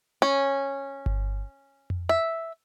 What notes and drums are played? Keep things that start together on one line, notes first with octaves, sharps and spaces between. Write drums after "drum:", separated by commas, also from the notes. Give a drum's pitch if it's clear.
C#4
drum: kick G1
drum: tom F2
E5